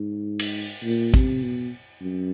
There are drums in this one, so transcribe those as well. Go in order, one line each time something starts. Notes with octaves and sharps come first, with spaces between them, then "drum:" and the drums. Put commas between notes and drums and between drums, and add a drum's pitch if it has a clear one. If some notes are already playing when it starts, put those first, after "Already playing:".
Already playing: G#2
drum: cymbal
A#2
C3, drum: kick
B2
F#2